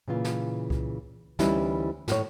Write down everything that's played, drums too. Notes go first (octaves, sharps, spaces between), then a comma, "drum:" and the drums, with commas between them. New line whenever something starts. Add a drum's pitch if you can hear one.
A#2 C#3 E3 F4
drum: snare
drum: kick C2
D2 E3 G3 C#4 D#4 E4, drum: snare
A2 C#5, drum: snare